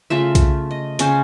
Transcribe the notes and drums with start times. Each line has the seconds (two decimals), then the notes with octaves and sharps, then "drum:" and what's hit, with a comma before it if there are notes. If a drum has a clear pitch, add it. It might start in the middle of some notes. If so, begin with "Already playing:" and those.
0.10 C#3 A3 F4 E5
0.35 drum: kick B1, hi-hat
0.71 D#5
0.99 C#3 C#4 C5, drum: hi-hat